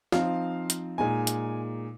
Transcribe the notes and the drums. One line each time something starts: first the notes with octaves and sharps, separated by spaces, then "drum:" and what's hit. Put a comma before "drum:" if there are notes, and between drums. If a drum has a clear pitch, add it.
F3 C4 D#4 F5, drum: snare
drum: hi-hat
A#2 G#3 D#4 G#5
drum: hi-hat